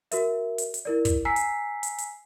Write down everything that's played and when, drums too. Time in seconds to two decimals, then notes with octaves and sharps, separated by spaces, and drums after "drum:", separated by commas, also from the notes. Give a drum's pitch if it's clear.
0.12 F#4 A#4 E5, drum: hi-hat
0.58 drum: hi-hat
0.74 drum: hi-hat
0.85 E4 A#4 D5
1.05 drum: kick, hi-hat
1.25 G#5 A#5 E6 B6 C7
1.36 drum: hi-hat
1.83 drum: hi-hat
1.98 drum: hi-hat